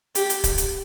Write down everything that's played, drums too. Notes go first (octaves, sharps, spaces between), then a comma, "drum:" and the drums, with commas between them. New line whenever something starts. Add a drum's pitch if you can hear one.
G4, drum: hi-hat
drum: hi-hat
drum: kick C#1, hi-hat
drum: hi-hat